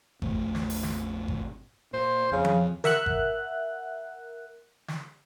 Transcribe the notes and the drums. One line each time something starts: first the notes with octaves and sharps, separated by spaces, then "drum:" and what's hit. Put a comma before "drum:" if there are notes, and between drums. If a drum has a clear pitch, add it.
A#1 F2 A3, drum: kick G#1
drum: snare
drum: open hi-hat
drum: snare
drum: kick G#1
A#2 C5
F2 C#3
drum: tom F3
A#4 E5 F#5 F#6, drum: snare
drum: kick G#1
drum: snare